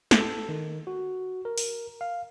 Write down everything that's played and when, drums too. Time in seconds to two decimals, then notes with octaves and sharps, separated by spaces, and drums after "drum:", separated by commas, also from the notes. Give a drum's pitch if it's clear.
0.11 A4, drum: snare
0.49 D#3
0.87 F#4
1.45 A#4
1.58 drum: open hi-hat
2.01 F5